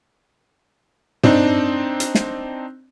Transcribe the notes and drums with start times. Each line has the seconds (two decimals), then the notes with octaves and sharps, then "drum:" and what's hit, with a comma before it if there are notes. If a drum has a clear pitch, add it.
1.23 C4 D4 D#4, drum: tom
2.00 drum: hi-hat
2.15 drum: snare